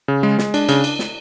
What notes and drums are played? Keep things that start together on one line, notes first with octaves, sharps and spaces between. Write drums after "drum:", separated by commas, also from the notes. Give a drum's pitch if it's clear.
C#3
G#3
G#3, drum: snare
D4, drum: cymbal
C#3, drum: cymbal
drum: cymbal
drum: snare